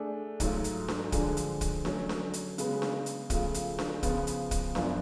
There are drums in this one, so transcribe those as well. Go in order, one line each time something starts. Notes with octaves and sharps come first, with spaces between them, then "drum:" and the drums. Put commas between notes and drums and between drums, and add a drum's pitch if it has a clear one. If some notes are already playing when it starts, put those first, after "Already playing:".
Already playing: A3 D4 G#4
G#2 F#3 A3 F4, drum: kick, hi-hat
drum: hi-hat
drum: snare D4
D3 F3 G#3 D4 G#4, drum: kick, hi-hat
drum: hi-hat
drum: kick, hi-hat
F#3 A3 C#4, drum: snare D4
drum: snare D4
drum: hi-hat
C#3 G#3 B3, drum: hi-hat
drum: snare D4
drum: hi-hat
C#3 F3 A3 F4, drum: kick, hi-hat
drum: hi-hat
drum: snare D4
C#3 F3 B3 F4, drum: kick, hi-hat
drum: hi-hat
drum: kick, hi-hat
F#2 F3 B3 D4 F4, drum: snare D4